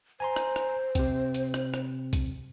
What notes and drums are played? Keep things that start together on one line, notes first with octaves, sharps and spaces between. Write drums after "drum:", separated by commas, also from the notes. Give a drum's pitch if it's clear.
C5 G#5 A#5 C6
drum: rim click
drum: rim click
C3 C4, drum: kick B1, hi-hat
drum: hi-hat
drum: rim click
drum: rim click
drum: kick B1, hi-hat